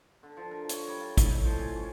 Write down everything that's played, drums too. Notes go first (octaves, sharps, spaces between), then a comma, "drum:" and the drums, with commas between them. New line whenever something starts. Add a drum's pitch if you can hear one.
D3
F3
A#4
C#5, drum: hi-hat
G3
F4
A2, drum: kick, hi-hat
D#4
F3
G#5
C#4